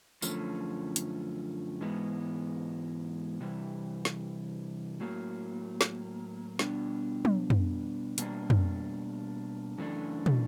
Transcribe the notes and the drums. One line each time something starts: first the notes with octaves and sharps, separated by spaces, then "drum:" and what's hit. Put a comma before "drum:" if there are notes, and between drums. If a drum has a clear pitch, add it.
F#2 D3 F3 A3 C#4, drum: tambourine
drum: hi-hat
G#2 E3 G#3 B3
C3 E3 G3
drum: snare
A2 F#3 A#3
drum: snare
B2 G3 B3 D4, drum: snare
drum: tom
drum: tom
B2 G3 A#3 D4, drum: hi-hat
drum: tom
F#2 C#3 E3 A3 D4
drum: tom